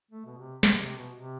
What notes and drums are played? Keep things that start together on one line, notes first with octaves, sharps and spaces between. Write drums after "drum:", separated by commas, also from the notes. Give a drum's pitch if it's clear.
A3
B2
C3
C3, drum: snare
C3
B2
C3